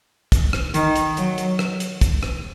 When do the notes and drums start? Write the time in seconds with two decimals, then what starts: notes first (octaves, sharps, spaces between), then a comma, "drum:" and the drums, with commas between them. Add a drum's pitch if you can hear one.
0.32 drum: kick, hi-hat
0.53 drum: rim click
0.74 D#3, drum: hi-hat
0.96 drum: hi-hat
1.17 F#3, drum: hi-hat
1.38 drum: hi-hat
1.59 drum: rim click
1.80 drum: hi-hat
2.01 drum: kick, hi-hat
2.23 drum: rim click